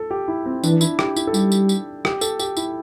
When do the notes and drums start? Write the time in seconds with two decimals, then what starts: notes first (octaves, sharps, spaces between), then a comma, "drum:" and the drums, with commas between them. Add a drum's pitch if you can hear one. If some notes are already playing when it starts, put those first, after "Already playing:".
Already playing: A4
0.11 G4
0.28 E4
0.46 C4
0.64 E3 D4, drum: tambourine
0.81 E4, drum: tambourine
0.99 G4, drum: rim click
1.16 E4, drum: tambourine
1.27 A4
1.34 G3 G4, drum: tambourine
1.52 drum: tambourine
1.69 drum: tambourine
2.05 G4, drum: rim click
2.21 A4, drum: tambourine
2.39 G4, drum: tambourine
2.57 E4, drum: tambourine